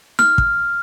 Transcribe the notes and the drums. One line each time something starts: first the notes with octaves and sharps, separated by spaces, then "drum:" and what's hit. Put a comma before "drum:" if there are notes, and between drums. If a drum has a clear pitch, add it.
F6, drum: snare
drum: kick